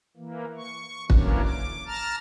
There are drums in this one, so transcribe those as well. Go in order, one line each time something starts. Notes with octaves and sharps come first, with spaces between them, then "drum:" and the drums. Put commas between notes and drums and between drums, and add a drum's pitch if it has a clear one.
E3 A#3
C#6
D3 E3 F#3 A#3 C#4 D4, drum: kick
D6
A5 A#5 F6 A6